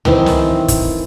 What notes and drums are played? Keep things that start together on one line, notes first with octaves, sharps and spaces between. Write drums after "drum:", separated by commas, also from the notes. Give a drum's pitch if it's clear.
D#3 E3 C4, drum: tom
drum: snare
drum: kick, hi-hat